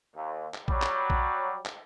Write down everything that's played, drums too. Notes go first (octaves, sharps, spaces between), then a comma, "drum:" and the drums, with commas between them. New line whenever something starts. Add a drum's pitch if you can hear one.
D#2
drum: clap
F#3 G3, drum: kick A#1
drum: clap
drum: kick A#1
drum: clap